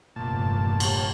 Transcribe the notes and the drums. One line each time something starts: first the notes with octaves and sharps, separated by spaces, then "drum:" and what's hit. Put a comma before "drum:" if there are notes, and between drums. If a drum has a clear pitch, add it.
F1 E2 G2 A#2 A5
drum: cymbal